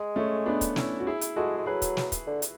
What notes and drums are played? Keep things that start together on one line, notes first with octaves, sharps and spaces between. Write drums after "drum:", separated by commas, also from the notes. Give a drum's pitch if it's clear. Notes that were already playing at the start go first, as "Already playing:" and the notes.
Already playing: G#3
A3 C#4
B3 D4
drum: kick, hi-hat
C#4 E4, drum: snare
F#4
E4 G#4
drum: hi-hat
G#3 F#4 A4
G#3
F#3 G#4 B4
drum: kick, hi-hat
drum: snare
drum: kick, hi-hat
D3
drum: hi-hat